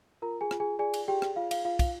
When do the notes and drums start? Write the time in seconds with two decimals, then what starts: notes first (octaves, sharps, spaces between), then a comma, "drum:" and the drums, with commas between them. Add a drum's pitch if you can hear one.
0.22 F4 A#4 A#5
0.41 G#4 G#5
0.51 F4, drum: rim click
0.60 G#4 G#5
0.79 G#4 D5 G#5
0.94 drum: cymbal
1.08 G4 G#4 G5
1.22 drum: rim click
1.36 F4 F5
1.51 F5, drum: cymbal
1.65 F4 F5
1.79 F5, drum: kick, cymbal